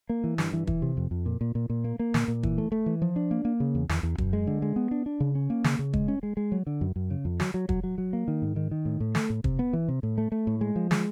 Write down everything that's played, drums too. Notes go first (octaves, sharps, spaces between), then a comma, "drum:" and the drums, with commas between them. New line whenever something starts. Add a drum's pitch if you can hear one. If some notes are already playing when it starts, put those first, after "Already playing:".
A#3
E3
G2, drum: snare
E3
E3, drum: kick
C3
F2
F2
A#2
A#2
A#2
A#2
A#3
A#3
A#2, drum: snare
A#2
E3, drum: kick
A3
A3
E3
F3
D4
A#3
A#3
C#3
E2
E2, drum: snare
E2
F#2, drum: kick
G#3
D3
G#3
B3
D4
D4
C#3
C#4
A#3
C#3, drum: snare
C#3
G#3, drum: kick
C#4
G#3
G#3
F#3
D3
F#2
F#2
C#3
F2
F#3, drum: snare
F#3
F#3, drum: kick
F#3
F#3
A#3
D#3
G#2
D#3
D#3
A2
A2
A3, drum: snare
A2
C3, drum: kick
B3
E3
C3
A2
A3
A3
A2
G#3
F3
G#3, drum: snare